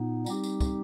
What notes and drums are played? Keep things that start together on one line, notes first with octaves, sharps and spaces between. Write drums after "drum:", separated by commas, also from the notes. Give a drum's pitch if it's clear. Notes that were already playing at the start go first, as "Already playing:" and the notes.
Already playing: A#2 B3 D#4
G3 C4 D#4 G4, drum: tambourine
drum: tambourine
drum: kick, tambourine